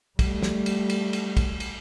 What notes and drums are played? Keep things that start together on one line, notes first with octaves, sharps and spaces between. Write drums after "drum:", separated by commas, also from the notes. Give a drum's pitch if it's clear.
G3 A3, drum: kick, cymbal
drum: snare
drum: cymbal
drum: cymbal
drum: cymbal
drum: kick, cymbal
drum: cymbal